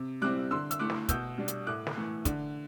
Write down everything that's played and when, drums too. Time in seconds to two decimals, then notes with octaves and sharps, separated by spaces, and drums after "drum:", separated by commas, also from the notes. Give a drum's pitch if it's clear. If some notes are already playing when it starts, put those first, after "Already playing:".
Already playing: C3
0.22 G3 C4 E4 D6 F#6
0.51 D3 C6 E6
0.71 E6, drum: hi-hat
0.79 A3 E4 D6 F#6
0.90 drum: snare
1.09 B2 E6 G6, drum: kick, hi-hat
1.38 G3 D4
1.48 drum: hi-hat
1.67 A2 D6 F#6
1.87 drum: snare
1.97 E3 A3
2.25 D3, drum: kick, hi-hat